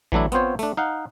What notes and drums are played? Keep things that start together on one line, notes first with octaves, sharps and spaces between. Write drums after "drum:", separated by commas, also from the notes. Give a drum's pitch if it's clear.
E3 F#3 A3 D4 E4, drum: kick A1
B3 C4 F4 C5 C#5, drum: hi-hat
A3 D4, drum: open hi-hat
D#4 F5 F#5